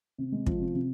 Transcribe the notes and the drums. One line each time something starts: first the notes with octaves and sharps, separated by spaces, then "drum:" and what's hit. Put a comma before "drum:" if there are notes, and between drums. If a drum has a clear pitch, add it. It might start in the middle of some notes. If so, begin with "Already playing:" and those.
C3
G#3
F3, drum: kick
C3
C3